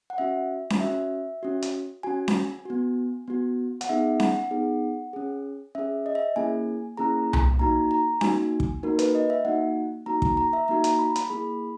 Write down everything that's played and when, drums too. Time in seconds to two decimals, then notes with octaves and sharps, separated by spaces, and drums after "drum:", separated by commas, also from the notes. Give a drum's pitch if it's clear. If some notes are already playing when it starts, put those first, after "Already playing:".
0.10 F#5
0.18 C#4 F#4 E5
0.70 drum: snare C#4
0.81 C#4 F#4 E5
1.43 C#4 F#4
1.62 drum: hi-hat
2.03 C#4 F#4 G#5
2.28 drum: snare C#4
2.65 B3 F#4
3.28 B3 F#4
3.81 F#5, drum: hi-hat
3.89 B3 D#4 G#4 E5
4.20 F#5, drum: snare C#4
4.51 B3 D#4 G#4
5.13 C#4 G#4
5.75 C#4 G#4 E5
6.06 D#5
6.15 E5
6.36 A#3 C#4 E4 G#4 G#5
6.97 A#3 C#4 E4 G#4 A#5
7.33 drum: tom C2
7.59 A#3 D#4 F#4 A#5
7.91 A#5
8.21 A#3 D#4 F#4 G#5, drum: snare C#4
8.60 drum: kick
8.83 A#3 D#4 F#4 A#4
8.99 B4, drum: hi-hat
9.15 D#5
9.30 E5
9.45 A#3 D#4 F#4 F#5
10.06 A#3 D#4 F#4 A#5
10.22 A#5, drum: kick
10.37 A#5
10.53 E5
10.68 A#3 D#4 F#4 A#5
10.84 A#5, drum: hi-hat
10.99 B5
11.16 B5, drum: hi-hat
11.30 A#3 E4 G#4 B5